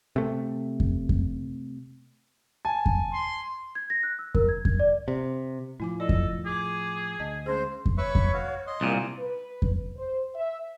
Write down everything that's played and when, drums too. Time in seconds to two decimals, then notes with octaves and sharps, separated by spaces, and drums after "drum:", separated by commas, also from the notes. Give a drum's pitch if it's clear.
0.16 C3 A3
0.80 drum: kick F2
1.09 drum: kick F2
2.65 G#5 A5
2.86 drum: kick F2
3.13 C6
3.75 G#6
3.90 A#6
4.03 F#6
4.19 E6
4.35 A#4, drum: kick F2
4.49 G#6
4.65 G#6, drum: kick F2
4.79 D5
5.08 C3
5.80 A2 F3 E4 G#5 D6
6.00 E4 A4 D5 D#5
6.09 drum: kick F2
6.46 G#4 D6
7.20 D2 D#5 A5
7.46 G#3 C#4 G#4 C5
7.86 drum: kick F2
7.98 B4 C#5 E5 C#6
8.15 drum: kick F2
8.34 F#4 F5
8.67 D#5 C6
8.81 C2 A#2
9.19 B4
9.62 drum: kick F2
9.96 C5
10.34 E5